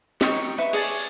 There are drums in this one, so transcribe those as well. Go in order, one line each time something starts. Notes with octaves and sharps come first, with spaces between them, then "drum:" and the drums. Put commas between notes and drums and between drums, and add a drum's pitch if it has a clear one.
D#4 G5 C#6, drum: snare
B4 E5 C#6
G#4 C#5 D5 A5, drum: cymbal